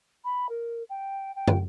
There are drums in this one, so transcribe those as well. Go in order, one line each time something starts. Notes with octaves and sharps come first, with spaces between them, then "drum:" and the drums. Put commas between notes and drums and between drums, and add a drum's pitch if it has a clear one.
B5
A#4
G5
G5
drum: tom